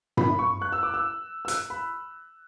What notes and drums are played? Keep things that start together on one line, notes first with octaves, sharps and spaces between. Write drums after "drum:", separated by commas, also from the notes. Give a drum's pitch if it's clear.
B5, drum: tom G2
C#6
F#6
E6
D6
E6
E6
F#6, drum: hi-hat
B5